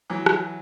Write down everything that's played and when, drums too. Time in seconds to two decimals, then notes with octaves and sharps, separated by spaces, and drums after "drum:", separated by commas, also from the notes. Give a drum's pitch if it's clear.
0.10 E3 F#3
0.26 drum: rim click